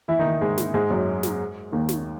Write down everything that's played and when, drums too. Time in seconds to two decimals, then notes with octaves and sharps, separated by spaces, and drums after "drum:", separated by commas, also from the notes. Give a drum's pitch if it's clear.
0.08 E3 E4
0.19 D#3 D#4
0.41 G#2 G#3
0.58 drum: snare
0.74 G#2 G#3
0.90 F#2 F#3
1.23 drum: snare
1.72 D#2 D#3
1.89 drum: snare